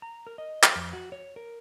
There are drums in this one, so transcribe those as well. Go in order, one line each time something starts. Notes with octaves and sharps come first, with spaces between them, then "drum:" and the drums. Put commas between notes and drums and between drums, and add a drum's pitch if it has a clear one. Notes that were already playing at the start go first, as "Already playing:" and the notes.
A#5
A#4
D#5
drum: clap
F2
F#4
C#5
A#4